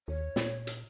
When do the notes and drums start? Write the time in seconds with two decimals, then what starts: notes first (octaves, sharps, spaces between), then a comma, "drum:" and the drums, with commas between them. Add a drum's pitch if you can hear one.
0.08 D#2 C#5
0.36 A#2, drum: snare
0.67 drum: hi-hat